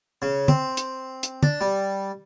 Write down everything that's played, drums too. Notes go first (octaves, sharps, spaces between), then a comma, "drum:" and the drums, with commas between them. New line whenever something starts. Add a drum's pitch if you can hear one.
C#3
C4, drum: tom
drum: hi-hat
drum: hi-hat
D4, drum: tom
G3